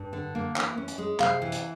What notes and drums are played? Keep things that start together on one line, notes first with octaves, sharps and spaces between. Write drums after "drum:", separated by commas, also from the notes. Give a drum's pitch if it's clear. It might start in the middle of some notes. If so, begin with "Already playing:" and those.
Already playing: G2
D3
A#3
E3, drum: clap
C#4
drum: hi-hat
G#3
C3 F5, drum: clap
E3
drum: hi-hat